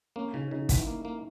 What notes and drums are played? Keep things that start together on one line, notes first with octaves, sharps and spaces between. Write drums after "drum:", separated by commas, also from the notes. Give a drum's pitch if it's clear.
A#3 C#4
C#3 D#4
C#3 D#4
E3 E4, drum: kick, hi-hat
A#3
A#3